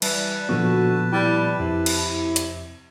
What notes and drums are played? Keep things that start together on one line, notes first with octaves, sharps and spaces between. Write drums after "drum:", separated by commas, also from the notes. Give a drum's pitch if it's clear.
E3 G3 B4 A5, drum: cymbal
A#2 D3 F3 B3 F#4
G3 E4
F2 C3
drum: cymbal
drum: hi-hat